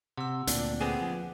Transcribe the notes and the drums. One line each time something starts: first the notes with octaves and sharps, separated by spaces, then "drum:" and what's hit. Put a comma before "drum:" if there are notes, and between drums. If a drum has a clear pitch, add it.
C3 F#5 E6
D2 A#2 C4 D4 D5, drum: hi-hat
D3 B3 C4 G#4 D6
F3